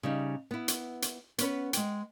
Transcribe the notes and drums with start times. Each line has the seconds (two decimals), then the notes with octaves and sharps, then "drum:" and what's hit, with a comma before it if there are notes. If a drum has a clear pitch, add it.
0.03 C#3 G3 D#4
0.51 B3 E4
0.68 drum: hi-hat
1.02 drum: hi-hat
1.38 B3 C#4 B4, drum: hi-hat
1.73 G#3 G5, drum: hi-hat